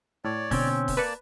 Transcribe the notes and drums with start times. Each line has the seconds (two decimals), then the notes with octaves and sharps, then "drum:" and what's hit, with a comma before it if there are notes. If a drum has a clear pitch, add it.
0.25 A2 C#5 D5
0.51 B2 D3 C4 C#4, drum: kick D#1, open hi-hat
0.88 drum: kick D#1, open hi-hat
0.97 A#3 B4 D5 A5 C#7